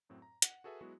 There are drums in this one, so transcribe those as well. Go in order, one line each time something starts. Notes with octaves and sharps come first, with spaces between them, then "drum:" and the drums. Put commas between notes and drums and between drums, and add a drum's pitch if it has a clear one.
F#2 A2 F#3 C4
A#5
F#5, drum: hi-hat
F#4 G#4 A4 B4 E5
F#3 G#3 B3 E4 F#4